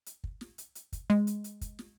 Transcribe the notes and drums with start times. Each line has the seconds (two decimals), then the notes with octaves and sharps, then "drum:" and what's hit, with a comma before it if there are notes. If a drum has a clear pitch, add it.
0.06 drum: hi-hat
0.24 drum: kick
0.41 drum: snare
0.58 drum: hi-hat
0.75 drum: hi-hat
0.93 drum: kick, hi-hat
1.10 G#3, drum: snare
1.27 drum: hi-hat
1.44 drum: hi-hat
1.61 drum: kick, hi-hat
1.79 drum: snare